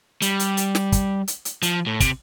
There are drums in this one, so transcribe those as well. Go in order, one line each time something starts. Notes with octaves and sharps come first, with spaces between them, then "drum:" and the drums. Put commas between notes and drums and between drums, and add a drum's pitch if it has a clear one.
G3, drum: hi-hat
drum: hi-hat
drum: hi-hat
drum: snare
drum: kick, hi-hat
drum: hi-hat
drum: hi-hat
F3, drum: hi-hat
A2
C3, drum: kick, hi-hat